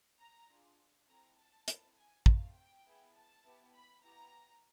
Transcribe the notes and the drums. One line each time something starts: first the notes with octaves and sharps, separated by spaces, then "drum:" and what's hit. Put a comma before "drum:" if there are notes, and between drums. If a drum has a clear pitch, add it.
A#5
D4 F4 G#4
C4 E4 A4 A#5
A5
C4 E4 A4, drum: hi-hat
G#5
A3 C4 F4 F5, drum: kick
G5
B3 E4 G#4
A5
B3 E4 G4
B5
B3 E4 G4 A#5